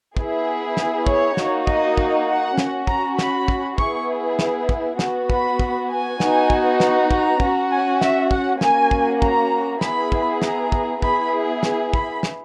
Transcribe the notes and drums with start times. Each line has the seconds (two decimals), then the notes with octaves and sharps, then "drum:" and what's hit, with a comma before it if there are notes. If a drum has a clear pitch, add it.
0.17 B3 E4 G#4, drum: kick
0.77 drum: snare
1.07 C#5, drum: kick
1.37 A#3 D#4 F#4, drum: snare
1.67 D#5, drum: kick
1.98 drum: kick
2.28 F#5
2.58 C#4 F#4, drum: snare
2.87 A#5, drum: kick
3.19 B5, drum: snare
3.48 drum: kick
3.78 B3 E4 G#4 C#6, drum: kick
4.39 drum: snare
4.69 drum: kick
4.99 B3 F#4, drum: snare
5.30 B5, drum: kick
5.59 drum: kick
5.90 G#5
6.20 B3 D#4 F#4, drum: snare
6.50 drum: kick
6.80 drum: snare
7.11 A#5, drum: kick
7.40 C#4 F#4, drum: kick
7.71 G#5
8.01 E5, drum: snare
8.31 F#5, drum: kick
8.61 A#3 C#4 F#4 G#5, drum: snare
8.91 drum: kick
9.22 A#5, drum: kick
9.81 B3 E4 G#4 B5, drum: snare
10.12 drum: kick
10.42 A#5, drum: snare
10.72 drum: kick
11.02 B3 E4 G#4 B5, drum: kick
11.63 drum: snare
11.94 B5, drum: kick
12.23 drum: snare